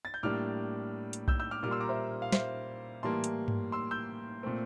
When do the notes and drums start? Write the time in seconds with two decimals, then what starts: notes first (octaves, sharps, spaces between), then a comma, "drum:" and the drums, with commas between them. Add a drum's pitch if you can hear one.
0.05 A6
0.14 G6
0.23 A2 G3 A#3 D4 D6 F6
1.13 drum: hi-hat
1.28 E6 G6, drum: kick B1
1.40 E6 G6
1.51 D6 F6
1.63 A#2 G3 A#3 D6 F6
1.71 C6 E6
1.80 A#5 D6
1.89 C5 E5
2.22 F5
2.32 C5 E5, drum: snare
3.03 A2 E3 G3 A#3 A5 C6
3.24 drum: hi-hat
3.48 drum: tom G2
3.72 C6 E6
3.91 E6 G6
4.43 A#2 A3 C4